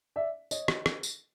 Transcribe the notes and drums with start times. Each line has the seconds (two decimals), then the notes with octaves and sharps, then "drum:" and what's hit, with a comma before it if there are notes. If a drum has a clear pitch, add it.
0.16 D5 E5
0.51 C#5 D#5, drum: tambourine
0.68 drum: rim click
0.86 drum: rim click
1.03 drum: tambourine